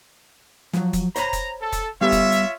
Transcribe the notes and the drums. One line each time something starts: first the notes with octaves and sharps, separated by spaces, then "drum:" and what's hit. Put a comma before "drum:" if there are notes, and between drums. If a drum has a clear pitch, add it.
F3 F#3, drum: snare
drum: kick, hi-hat
C5 C#5 A#5 B5, drum: hi-hat
drum: kick, hi-hat
A4
drum: kick, hi-hat
G3 B3 F4 G4 C#5 E5
drum: kick, hi-hat
drum: hi-hat